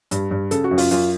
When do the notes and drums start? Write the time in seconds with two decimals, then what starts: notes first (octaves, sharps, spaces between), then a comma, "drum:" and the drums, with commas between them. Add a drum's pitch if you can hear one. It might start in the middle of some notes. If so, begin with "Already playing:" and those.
0.11 G2, drum: hi-hat
0.31 G2
0.51 C#3 A4, drum: hi-hat
0.64 F#4
0.71 F#2
0.78 F4, drum: open hi-hat
0.91 F#2 F4, drum: hi-hat